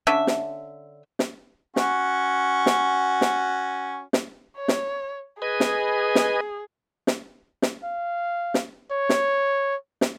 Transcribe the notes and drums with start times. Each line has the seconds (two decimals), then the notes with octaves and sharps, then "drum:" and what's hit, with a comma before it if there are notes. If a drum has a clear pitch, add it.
0.07 D3 C#4 A4 E5
0.27 drum: snare
1.19 drum: snare
1.76 C#4 F#4, drum: snare
2.66 drum: snare
3.21 drum: snare
4.13 drum: snare
4.58 C#5
4.68 drum: snare
5.42 G#4 B4 D#5 G#5
5.60 drum: snare
6.15 drum: snare
7.07 drum: snare
7.62 drum: snare
7.84 F5
8.54 drum: snare
8.92 C#5
9.09 drum: snare
10.01 drum: snare